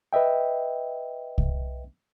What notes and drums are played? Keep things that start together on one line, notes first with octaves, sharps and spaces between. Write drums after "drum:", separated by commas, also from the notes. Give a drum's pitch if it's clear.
B4 D#5 E5 G5
drum: kick C2